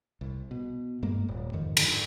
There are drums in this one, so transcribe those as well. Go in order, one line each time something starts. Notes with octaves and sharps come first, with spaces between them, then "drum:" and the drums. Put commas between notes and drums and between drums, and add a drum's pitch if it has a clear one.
C2
B2
G2 G#3 A#3
D#1
F2 G#2 D#3
G#2 D3 F3, drum: cymbal